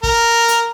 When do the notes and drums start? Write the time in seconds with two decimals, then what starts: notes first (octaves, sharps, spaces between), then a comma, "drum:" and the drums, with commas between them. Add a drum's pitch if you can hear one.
0.03 A#4, drum: kick
0.48 drum: hi-hat